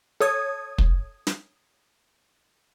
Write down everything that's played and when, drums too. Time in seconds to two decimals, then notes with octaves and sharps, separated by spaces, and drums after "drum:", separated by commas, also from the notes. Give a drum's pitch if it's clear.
0.21 A4 C#5 D#6 G#6
0.78 drum: kick
1.27 drum: snare